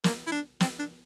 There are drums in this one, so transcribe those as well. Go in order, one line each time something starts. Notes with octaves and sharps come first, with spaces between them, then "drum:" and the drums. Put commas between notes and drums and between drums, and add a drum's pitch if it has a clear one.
A#3, drum: snare
E4
D4
C4, drum: snare
D4